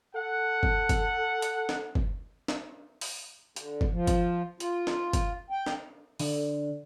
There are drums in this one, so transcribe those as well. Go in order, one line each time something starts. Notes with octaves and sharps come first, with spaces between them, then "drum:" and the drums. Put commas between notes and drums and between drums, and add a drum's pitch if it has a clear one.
A4 F#5
drum: kick
drum: kick, hi-hat
drum: hi-hat
drum: snare
drum: kick
drum: snare
drum: open hi-hat
D3, drum: hi-hat
drum: kick
F3
drum: kick, hi-hat
F4, drum: hi-hat
drum: snare
drum: kick, hi-hat
G5
drum: snare
D3, drum: open hi-hat